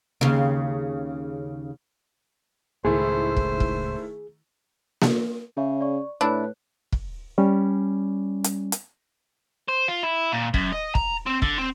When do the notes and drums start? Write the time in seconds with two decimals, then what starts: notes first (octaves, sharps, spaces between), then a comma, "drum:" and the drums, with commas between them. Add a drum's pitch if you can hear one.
0.21 D#2 C#3
2.85 C#2 A2 D#3 A3 E4 G#4 C5
3.37 drum: kick
3.60 drum: kick
5.02 drum: snare A#3
5.57 C#3 G#4 C#5 E5
5.81 D5 C#6
6.21 A2 D4 E4 B4 C#5 F#6
6.92 drum: kick
7.38 G3 C#4
8.44 drum: hi-hat
8.72 drum: hi-hat
9.68 C5
9.88 F4
10.03 E4
10.32 A#2
10.54 F#2, drum: kick
10.72 D#5
10.95 A#5, drum: kick
11.26 C4
11.42 D3, drum: kick
11.58 C4